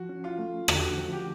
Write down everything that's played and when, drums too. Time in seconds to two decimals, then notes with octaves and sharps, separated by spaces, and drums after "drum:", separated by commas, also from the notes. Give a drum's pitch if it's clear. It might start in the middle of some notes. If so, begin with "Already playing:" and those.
Already playing: F3 F#4
0.09 C#4
0.24 F4
0.39 A3
0.68 D3 F#4, drum: rim click
0.75 G4
0.83 F#4
0.98 F3
1.12 G4